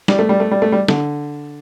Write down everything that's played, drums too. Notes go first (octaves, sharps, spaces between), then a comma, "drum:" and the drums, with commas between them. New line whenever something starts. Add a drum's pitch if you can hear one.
G3, drum: snare
A3
G3
A3
G3
A3
G3
D3, drum: snare